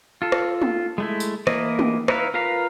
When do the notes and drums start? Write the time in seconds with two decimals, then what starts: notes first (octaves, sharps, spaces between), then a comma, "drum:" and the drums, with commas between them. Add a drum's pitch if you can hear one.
0.22 F4 A4
0.32 drum: rim click
0.62 drum: tom
0.98 G#3 A3 E4
1.20 drum: tambourine
1.47 E3 A#3 E4 D#5, drum: rim click
1.79 drum: tom
2.08 D#4 E4 B4 F5, drum: rim click
2.34 F4 A#4 B4 F5 A#5